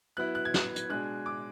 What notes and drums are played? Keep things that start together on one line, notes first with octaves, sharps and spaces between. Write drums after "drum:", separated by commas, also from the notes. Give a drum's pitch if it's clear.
F#3 B3 E4 F#6
F#6
G#6
F#6, drum: snare
drum: hi-hat
B2 G#3 D4 F#6
D6